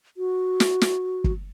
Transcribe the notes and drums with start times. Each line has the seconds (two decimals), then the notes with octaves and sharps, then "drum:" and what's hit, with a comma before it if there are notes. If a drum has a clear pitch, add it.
0.17 F#4
0.60 drum: snare
0.81 drum: snare
1.24 drum: kick